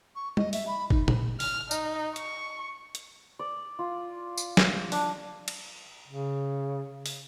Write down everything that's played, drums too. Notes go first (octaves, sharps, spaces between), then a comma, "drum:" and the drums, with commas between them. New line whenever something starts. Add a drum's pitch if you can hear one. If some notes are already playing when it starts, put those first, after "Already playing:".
C#6
D#5, drum: tom
E5, drum: open hi-hat
B5
D#4, drum: kick G1
drum: tom A#2
F6, drum: open hi-hat
D#4, drum: tambourine
C#6, drum: hi-hat
drum: hi-hat
D5
F4
drum: tambourine
drum: snare
D4, drum: open hi-hat
drum: cymbal
C#3
drum: open hi-hat